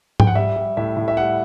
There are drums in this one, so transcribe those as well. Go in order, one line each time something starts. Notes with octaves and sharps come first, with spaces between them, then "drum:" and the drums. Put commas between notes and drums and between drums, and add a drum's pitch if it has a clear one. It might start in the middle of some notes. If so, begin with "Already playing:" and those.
G5, drum: tom G#2
F#5
G3 E5
G3
A2 E5
A2
E5
G3 F#5